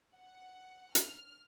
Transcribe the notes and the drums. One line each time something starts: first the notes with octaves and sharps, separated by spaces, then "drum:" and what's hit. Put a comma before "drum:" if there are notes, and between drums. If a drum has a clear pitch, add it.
F#5
F6, drum: hi-hat